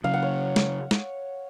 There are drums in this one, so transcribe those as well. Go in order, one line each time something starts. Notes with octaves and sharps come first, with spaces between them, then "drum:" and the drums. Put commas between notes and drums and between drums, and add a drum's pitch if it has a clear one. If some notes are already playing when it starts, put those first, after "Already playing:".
C#3 F#3 C#4 F5
F#5
C#5
drum: snare
drum: snare